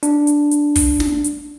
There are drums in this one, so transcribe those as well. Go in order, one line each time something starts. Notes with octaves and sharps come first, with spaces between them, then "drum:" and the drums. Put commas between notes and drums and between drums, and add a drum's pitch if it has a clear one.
D4, drum: hi-hat
drum: hi-hat
drum: hi-hat
drum: kick, open hi-hat
drum: snare
drum: hi-hat